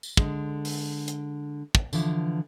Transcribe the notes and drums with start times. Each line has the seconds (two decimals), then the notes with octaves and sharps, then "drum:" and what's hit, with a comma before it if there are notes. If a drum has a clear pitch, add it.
0.03 drum: tambourine
0.17 D3 G#3, drum: kick
0.65 drum: open hi-hat
1.08 drum: hi-hat
1.75 drum: kick
1.93 D3 E3 F3, drum: tambourine